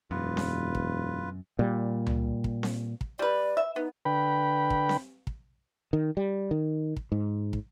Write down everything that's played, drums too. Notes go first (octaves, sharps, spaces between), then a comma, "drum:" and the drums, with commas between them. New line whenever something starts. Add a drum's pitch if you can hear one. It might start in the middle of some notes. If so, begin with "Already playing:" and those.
E1 F#2 F4 B4
drum: snare C4
drum: kick
A#2 G3
drum: tom C#2
drum: kick
drum: snare C4
drum: kick
G3 B4 D5
E5
B3 D#4
D3 B4 G5 B5
drum: kick
drum: snare C4
drum: kick
D#3
G3
D#3
drum: kick
G#2
drum: kick